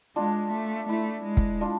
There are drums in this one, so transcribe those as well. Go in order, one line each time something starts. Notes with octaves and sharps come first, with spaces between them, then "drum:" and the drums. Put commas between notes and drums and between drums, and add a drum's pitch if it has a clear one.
G#3 D4 F4
A3
A3 E4
G#3
drum: kick
D4 F4